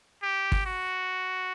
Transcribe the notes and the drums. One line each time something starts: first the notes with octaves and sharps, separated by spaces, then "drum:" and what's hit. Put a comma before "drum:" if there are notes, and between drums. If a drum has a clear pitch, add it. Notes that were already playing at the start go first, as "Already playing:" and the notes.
G4
drum: kick
F#4